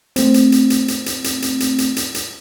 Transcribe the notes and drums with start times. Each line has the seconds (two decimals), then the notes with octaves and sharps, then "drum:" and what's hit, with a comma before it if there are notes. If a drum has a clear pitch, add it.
0.16 A3 C4, drum: hi-hat
0.34 drum: hi-hat
0.52 drum: hi-hat
0.70 drum: hi-hat
0.88 drum: hi-hat
1.06 drum: hi-hat
1.24 drum: hi-hat
1.42 drum: hi-hat
1.60 drum: hi-hat
1.78 drum: hi-hat
1.96 drum: hi-hat
2.15 drum: hi-hat